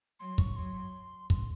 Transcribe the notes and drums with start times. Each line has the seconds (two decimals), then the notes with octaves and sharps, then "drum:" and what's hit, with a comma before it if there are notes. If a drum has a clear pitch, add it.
0.19 F#3 C6
0.38 C#6, drum: kick
0.56 F#3 C6
1.30 C6, drum: kick